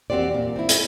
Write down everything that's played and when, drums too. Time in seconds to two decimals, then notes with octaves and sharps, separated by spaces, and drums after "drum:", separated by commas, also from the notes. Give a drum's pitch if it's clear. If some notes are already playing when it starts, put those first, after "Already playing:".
0.10 E2 C4 F#4 G4 C5 D5
0.34 A#2
0.56 C4 E4
0.69 drum: hi-hat